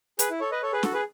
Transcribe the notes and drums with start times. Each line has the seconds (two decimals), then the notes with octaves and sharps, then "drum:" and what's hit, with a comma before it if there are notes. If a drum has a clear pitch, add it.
0.19 G#4 B4, drum: hi-hat
0.30 E4
0.40 A4 C#5
0.51 B4 D#5
0.62 A4 C#5
0.73 G#4 B4
0.83 F#4 A4, drum: snare
0.94 G#4 B4